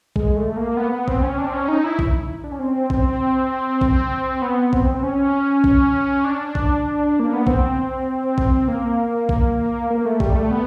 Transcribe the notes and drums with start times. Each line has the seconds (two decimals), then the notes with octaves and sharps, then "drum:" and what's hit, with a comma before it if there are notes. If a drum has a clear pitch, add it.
0.16 G#3, drum: kick A#1
0.36 A3
0.57 A#3
0.77 B3
0.92 B3
1.08 C4, drum: kick A#1
1.23 C#4
1.38 D4
1.47 C4
1.53 C#4
1.68 D#4
1.84 E4
1.99 drum: kick A#1
2.44 D4
2.52 C#4
2.59 C4
2.90 C4, drum: kick A#1
3.81 drum: kick A#1
4.42 B3
4.73 C4, drum: kick A#1
4.94 C4
5.03 C#4
5.64 drum: kick A#1
6.24 D4
6.55 drum: kick A#1
7.20 A#3
7.33 B3
7.47 C4, drum: kick A#1
8.38 drum: kick A#1
8.68 A#3
9.29 drum: kick A#1
9.90 A#3
10.05 A3
10.20 G3, drum: kick A#1
10.36 A3
10.51 B3